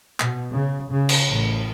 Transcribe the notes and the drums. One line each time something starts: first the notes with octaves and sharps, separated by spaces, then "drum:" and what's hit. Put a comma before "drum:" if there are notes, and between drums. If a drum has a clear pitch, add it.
B2, drum: clap
C#3
C#3
drum: cymbal
A1